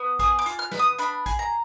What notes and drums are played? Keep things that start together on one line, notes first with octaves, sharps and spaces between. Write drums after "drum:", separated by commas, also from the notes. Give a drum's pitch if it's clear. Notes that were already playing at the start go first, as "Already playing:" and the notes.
Already playing: B3
G#4 D#6, drum: kick, hi-hat
D6
F4, drum: hi-hat
F6
B3, drum: snare
D#6
D4 B5, drum: hi-hat
G#4, drum: kick, hi-hat
A#5